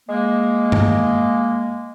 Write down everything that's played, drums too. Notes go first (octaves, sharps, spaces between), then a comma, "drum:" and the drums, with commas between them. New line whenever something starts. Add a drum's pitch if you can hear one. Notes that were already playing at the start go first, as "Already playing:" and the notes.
G#3 A#3
drum: tom G2